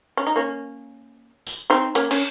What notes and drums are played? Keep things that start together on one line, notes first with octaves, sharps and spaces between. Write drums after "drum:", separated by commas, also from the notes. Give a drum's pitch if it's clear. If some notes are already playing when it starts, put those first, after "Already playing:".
C#4
D#4
A#3 C#4
drum: tambourine
C4 D#4
A#3 C#4, drum: hi-hat
C#4, drum: cymbal